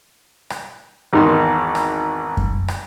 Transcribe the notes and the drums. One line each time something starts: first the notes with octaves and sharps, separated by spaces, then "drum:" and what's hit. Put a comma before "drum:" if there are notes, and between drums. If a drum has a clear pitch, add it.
drum: rim click
G#1 E2 D#3 D#4 C6
drum: rim click
drum: kick F#2
drum: rim click